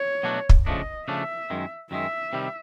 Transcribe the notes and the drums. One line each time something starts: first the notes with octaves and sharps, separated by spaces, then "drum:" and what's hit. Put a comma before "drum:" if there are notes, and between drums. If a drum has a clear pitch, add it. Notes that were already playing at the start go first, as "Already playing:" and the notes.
Already playing: C#5
B2 F#3 A3 D4 F#4
drum: kick
C#3 F3 A3 D4 D#5
C#3 F3 A3 D4 E5
F#2 D#3 G#3
F#2 D#3 G#3 E5
C3 D#3 G3